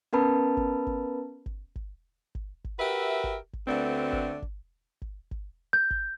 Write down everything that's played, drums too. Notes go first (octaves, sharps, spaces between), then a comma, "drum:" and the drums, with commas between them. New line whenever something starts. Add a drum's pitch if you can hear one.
B3 C#4 A#4 B4 A5 B5
drum: kick G1
drum: kick G1
drum: kick G1
drum: kick G1
drum: kick G1
drum: kick G1
F#4 G4 A#4 B4 E5
drum: kick G1
drum: kick G1
D2 D3 A3 B3 C4 D4
drum: kick G1
drum: kick G1
drum: kick G1
drum: kick G1
G6
drum: kick G1